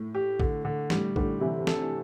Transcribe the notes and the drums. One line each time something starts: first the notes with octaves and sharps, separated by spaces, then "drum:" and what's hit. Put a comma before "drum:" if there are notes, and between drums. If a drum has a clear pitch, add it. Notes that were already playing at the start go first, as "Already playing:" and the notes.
Already playing: A2
G4
D3, drum: kick
D3
A2 D3 G3, drum: snare
A2 D3 G3, drum: kick
C3 E3 E4
A4, drum: snare